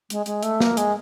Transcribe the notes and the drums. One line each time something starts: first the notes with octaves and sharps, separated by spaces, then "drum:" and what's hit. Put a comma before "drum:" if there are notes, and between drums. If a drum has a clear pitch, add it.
G#3, drum: hi-hat
G#3, drum: hi-hat
A3, drum: hi-hat
A#3, drum: snare
G#3, drum: hi-hat